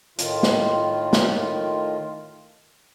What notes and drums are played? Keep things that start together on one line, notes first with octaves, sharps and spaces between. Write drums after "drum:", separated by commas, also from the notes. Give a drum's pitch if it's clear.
A2 D#3 F4, drum: hi-hat
drum: snare
drum: snare